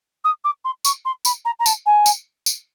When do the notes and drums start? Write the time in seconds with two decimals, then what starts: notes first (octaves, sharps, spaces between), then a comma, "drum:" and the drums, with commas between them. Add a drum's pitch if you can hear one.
0.24 D#6
0.44 D6
0.64 C6
0.85 C#6, drum: tambourine
1.05 C6
1.25 B5, drum: tambourine
1.45 A#5
1.59 A#5
1.66 A5, drum: tambourine
1.86 G#5
2.06 drum: tambourine
2.46 drum: tambourine